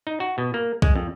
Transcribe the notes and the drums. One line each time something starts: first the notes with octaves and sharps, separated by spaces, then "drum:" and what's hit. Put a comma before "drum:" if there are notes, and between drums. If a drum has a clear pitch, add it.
D#4
F#4
B2
A#3
G#3, drum: kick
F2